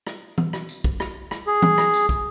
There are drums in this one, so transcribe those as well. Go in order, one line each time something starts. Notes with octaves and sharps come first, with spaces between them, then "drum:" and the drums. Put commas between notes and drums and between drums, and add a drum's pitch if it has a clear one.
drum: rim click
drum: tom
drum: rim click
drum: tambourine
drum: kick
drum: rim click
drum: rim click
G#4
drum: tom
drum: rim click
drum: tambourine
drum: kick